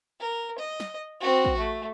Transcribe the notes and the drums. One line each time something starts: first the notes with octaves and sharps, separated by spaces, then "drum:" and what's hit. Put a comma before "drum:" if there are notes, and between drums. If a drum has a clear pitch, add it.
A#4
D#5
drum: snare
C4 F#4
drum: kick
A3